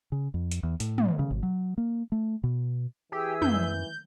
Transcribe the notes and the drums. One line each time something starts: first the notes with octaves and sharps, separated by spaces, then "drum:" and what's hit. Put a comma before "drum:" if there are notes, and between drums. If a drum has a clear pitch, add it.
C#3
F2
drum: hi-hat
E2
A2, drum: hi-hat
drum: tom
C#3
G#1
F#3
A#3
A3
B2
E3 G4 G#4 E5 E6
F#2 G6, drum: tom